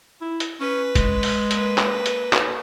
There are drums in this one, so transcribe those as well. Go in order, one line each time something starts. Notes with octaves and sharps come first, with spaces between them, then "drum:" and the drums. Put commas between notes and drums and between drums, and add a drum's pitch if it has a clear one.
E4
drum: hi-hat
C#4 B4
G#3, drum: kick, hi-hat
drum: open hi-hat
A#3 B4, drum: hi-hat
drum: clap
drum: hi-hat
drum: clap